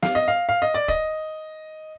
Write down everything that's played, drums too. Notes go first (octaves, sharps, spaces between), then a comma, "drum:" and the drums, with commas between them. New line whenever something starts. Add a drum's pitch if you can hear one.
F5, drum: snare
D#5
F5
F5
D#5
D5
D#5, drum: kick